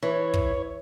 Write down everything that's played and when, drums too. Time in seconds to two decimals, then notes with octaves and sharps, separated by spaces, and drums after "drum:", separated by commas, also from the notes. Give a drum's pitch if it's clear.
0.03 E3 C#5
0.34 drum: kick